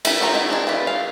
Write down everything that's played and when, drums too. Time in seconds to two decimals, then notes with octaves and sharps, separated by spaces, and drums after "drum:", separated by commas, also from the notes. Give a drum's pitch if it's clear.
0.05 E4 B5, drum: cymbal
0.20 F3 F#4 C5 A#5
0.34 D#4 E4
0.49 C4 D4 D#4 G#4
0.67 E3 A3 F4 B4 D5
0.87 F5